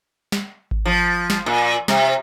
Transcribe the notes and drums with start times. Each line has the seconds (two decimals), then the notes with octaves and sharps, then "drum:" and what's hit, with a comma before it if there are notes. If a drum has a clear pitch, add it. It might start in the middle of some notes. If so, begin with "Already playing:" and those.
0.32 drum: snare
0.71 drum: kick G#1
0.86 F3
1.30 drum: snare
1.46 A#2
1.88 C3, drum: snare